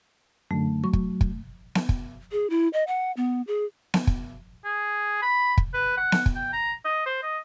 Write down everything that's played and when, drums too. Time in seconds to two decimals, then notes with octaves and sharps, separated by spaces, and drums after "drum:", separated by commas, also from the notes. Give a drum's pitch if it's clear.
0.51 F#2 D3 A3
0.84 F#3 C#6
0.93 drum: kick
1.21 drum: kick
1.75 drum: snare B3
1.89 drum: kick
2.32 G#4
2.50 E4
2.73 D#5
2.87 F#5
3.17 B3
3.47 G#4
3.94 drum: snare B3
4.07 drum: kick
4.65 G#4
5.23 B5
5.58 drum: kick
5.74 B4
5.97 F#5
6.12 drum: snare B3
6.26 drum: kick
6.36 G5
6.53 A#5
6.85 D#5
7.06 C5
7.23 D#5